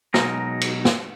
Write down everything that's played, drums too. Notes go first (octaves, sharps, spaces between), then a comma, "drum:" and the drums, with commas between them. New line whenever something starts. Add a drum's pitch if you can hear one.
B2 F#3 G#3 D#4 A#4, drum: snare
drum: cymbal
drum: snare